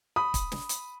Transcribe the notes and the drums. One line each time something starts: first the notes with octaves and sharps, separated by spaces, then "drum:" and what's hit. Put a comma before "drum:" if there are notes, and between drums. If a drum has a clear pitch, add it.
B5 D#6
drum: kick, hi-hat
drum: snare
drum: hi-hat